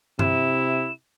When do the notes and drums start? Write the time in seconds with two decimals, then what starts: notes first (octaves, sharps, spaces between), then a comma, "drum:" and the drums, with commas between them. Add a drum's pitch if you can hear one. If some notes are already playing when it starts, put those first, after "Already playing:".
0.19 C3 E4 E7, drum: tom G2